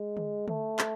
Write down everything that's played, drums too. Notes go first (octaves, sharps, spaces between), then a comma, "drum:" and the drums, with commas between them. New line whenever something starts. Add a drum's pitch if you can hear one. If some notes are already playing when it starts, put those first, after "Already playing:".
Already playing: G#3
drum: tom D3
A3, drum: tom D3
drum: clap